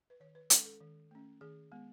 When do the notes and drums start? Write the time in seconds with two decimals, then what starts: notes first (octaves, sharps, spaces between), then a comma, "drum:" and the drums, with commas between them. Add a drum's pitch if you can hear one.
0.10 B4
0.20 D#3 C#5
0.35 B4
0.50 G#3 C#4 A4, drum: hi-hat
0.65 A4
0.81 D#3
1.11 A3 C#4
1.41 D#3 G#4
1.72 G#3 B3